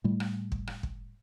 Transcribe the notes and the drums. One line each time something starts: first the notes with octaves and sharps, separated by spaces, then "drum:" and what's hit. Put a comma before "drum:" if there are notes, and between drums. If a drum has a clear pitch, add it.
A2 G3 A3
drum: rim click
drum: kick
drum: rim click
drum: kick